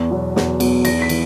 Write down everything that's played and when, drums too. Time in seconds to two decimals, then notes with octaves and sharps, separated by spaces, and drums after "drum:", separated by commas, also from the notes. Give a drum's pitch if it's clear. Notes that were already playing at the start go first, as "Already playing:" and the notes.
Already playing: E2
0.10 B2 F#3
0.36 E2, drum: snare
0.60 B2 F#3, drum: cymbal
0.85 E2 A#6, drum: cymbal
1.02 B6
1.09 E3, drum: cymbal